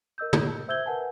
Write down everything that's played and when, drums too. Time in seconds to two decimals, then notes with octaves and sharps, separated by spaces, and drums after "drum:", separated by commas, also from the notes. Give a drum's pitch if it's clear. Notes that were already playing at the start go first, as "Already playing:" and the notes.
0.18 A#4 D#5 E6 G6
0.33 drum: tom
0.68 C5 E5 E6 G6 G#6 G7
0.86 A#4 B4 F#5 G#5 A5